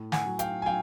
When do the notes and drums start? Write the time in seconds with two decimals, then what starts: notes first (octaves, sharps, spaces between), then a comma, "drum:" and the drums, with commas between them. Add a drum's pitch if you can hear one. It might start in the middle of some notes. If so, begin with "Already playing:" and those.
Already playing: A2
0.12 F#5 G#5, drum: snare
0.26 F#3
0.39 F5 G5, drum: hi-hat
0.62 G#5
0.66 F#3 F5 G5